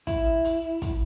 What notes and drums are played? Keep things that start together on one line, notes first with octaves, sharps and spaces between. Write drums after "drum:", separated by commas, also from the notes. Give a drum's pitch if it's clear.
E4, drum: kick, hi-hat
drum: hi-hat
drum: kick, hi-hat